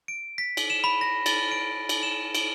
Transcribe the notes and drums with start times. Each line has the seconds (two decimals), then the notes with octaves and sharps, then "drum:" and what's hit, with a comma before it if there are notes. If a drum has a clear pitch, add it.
0.08 D7
0.38 B6
0.57 drum: cymbal
0.70 E7
0.84 B5
1.01 A#6
1.26 A6, drum: cymbal
1.52 D7
1.89 drum: cymbal
2.03 E7
2.35 D7, drum: cymbal